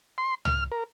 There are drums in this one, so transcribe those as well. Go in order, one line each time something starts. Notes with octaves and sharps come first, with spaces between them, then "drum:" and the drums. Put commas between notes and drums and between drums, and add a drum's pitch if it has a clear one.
C6
F6, drum: tom
A#4